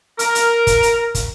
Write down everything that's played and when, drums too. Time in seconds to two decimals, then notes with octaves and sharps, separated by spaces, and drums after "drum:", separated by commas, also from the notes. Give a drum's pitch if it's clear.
0.19 A#4, drum: hi-hat
0.35 drum: hi-hat
0.67 drum: kick, hi-hat
0.83 drum: hi-hat
1.15 drum: kick, hi-hat